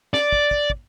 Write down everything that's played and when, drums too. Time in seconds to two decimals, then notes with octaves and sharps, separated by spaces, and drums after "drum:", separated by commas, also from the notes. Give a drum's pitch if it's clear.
0.14 D5, drum: snare
0.33 drum: kick
0.51 drum: kick
0.70 drum: kick